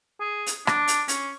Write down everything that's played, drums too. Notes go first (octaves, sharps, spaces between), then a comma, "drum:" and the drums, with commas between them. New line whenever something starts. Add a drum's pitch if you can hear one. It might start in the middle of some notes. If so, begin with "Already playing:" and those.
G#4
drum: hi-hat
D4, drum: rim click
drum: hi-hat
C#4, drum: hi-hat